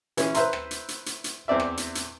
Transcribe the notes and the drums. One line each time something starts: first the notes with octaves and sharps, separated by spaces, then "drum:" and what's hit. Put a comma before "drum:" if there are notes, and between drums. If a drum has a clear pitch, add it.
E3 G#3 C#4 G#4, drum: hi-hat
B4 C5 E5 A#5 C6, drum: hi-hat
drum: rim click
drum: hi-hat
drum: hi-hat
drum: hi-hat
drum: hi-hat
E2 C4 D5 E5
drum: rim click
drum: hi-hat
drum: hi-hat